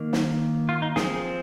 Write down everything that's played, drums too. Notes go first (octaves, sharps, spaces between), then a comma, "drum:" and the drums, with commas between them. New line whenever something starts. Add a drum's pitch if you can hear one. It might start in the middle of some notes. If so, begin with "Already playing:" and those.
Already playing: D#3 A#3
drum: snare
F4
D#4
F3 C4 G#4, drum: snare